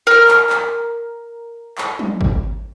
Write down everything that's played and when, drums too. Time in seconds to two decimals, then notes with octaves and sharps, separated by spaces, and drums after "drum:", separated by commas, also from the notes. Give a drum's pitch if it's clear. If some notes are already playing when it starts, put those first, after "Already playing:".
0.07 A#4 F6
0.28 drum: clap
0.50 drum: clap
1.78 drum: clap
1.99 drum: tom F#3
2.21 drum: kick G#1